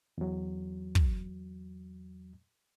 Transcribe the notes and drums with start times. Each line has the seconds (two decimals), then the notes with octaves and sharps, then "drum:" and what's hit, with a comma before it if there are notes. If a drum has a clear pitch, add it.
0.18 E2 F#3
0.95 drum: kick